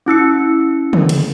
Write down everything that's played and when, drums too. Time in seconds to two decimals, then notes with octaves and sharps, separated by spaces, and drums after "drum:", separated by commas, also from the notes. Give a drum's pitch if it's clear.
0.06 C#4 E4 E6 C#7
0.93 drum: tom
1.09 drum: cymbal